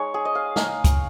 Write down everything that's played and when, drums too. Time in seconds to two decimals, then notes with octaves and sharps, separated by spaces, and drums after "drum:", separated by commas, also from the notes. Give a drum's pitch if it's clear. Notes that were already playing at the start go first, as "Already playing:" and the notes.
Already playing: G#3 D#4 C#5
0.14 G#4
0.25 D#5
0.35 F5
0.56 G#3 D#4 F5, drum: snare
0.84 drum: kick, hi-hat